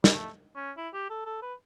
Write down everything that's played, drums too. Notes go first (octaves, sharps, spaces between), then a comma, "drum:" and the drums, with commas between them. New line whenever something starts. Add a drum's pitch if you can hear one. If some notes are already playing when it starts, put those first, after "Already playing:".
G3, drum: snare
A3
C#4
E4
G4
A4
A4
B4